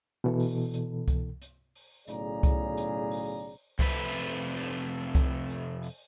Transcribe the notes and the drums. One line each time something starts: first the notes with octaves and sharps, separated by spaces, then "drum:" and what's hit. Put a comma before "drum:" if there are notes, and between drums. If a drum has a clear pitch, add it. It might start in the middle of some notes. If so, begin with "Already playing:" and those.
B2 E3 A4
drum: open hi-hat
drum: hi-hat
drum: kick C2, hi-hat
drum: hi-hat
drum: open hi-hat
B1 A2 C#3 G#4 D5 A#5, drum: hi-hat
drum: kick C2, hi-hat
drum: hi-hat
drum: open hi-hat
F2 C3 A3 B4, drum: kick C2, hi-hat
drum: hi-hat
drum: open hi-hat
drum: hi-hat
drum: kick C2, hi-hat
drum: hi-hat
drum: open hi-hat